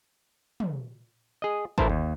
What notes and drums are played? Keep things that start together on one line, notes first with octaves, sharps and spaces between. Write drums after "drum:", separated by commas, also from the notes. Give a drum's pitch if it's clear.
drum: tom
G#4 D#5
A1 A3 E4 A#4 C5 A5, drum: kick G1
D#2